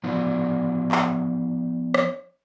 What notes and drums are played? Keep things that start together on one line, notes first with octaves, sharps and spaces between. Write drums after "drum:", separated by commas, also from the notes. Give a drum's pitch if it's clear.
F3 B3 D#4 D5
drum: clap
drum: rim click